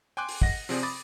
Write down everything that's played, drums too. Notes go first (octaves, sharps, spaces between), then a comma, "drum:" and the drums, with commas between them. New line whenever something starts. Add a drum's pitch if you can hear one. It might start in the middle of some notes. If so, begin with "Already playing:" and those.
G5 G#5 C6 D6 F#6
drum: open hi-hat
D#5 F#5 A#6, drum: kick
C3 F3 C4 G#4 D5, drum: open hi-hat
B5 D6 D#6 A6